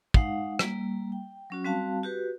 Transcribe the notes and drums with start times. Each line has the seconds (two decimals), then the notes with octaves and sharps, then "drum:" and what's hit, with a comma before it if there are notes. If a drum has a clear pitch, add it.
0.14 G#3 D#4 F5 F#5, drum: kick
0.59 G3 A#3, drum: rim click
1.12 G5
1.50 F#3 C#4 F#4
1.64 G3 C4 F#4 F5 A5
2.03 F#4 G4 B4